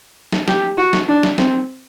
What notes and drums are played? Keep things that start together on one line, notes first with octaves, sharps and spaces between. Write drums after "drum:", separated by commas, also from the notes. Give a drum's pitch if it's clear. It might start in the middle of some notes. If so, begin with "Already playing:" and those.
drum: snare
G4, drum: snare
F#4
drum: snare
D4
drum: snare
C4, drum: snare